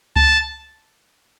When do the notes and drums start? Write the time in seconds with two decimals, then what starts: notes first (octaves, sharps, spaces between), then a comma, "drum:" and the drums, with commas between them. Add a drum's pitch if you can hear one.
0.16 A5, drum: kick C#2